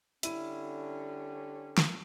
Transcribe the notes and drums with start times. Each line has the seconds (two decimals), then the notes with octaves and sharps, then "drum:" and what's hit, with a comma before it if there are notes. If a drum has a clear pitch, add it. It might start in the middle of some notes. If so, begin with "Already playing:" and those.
0.23 D3 G3 C#4 E4 D#7, drum: hi-hat
1.78 drum: snare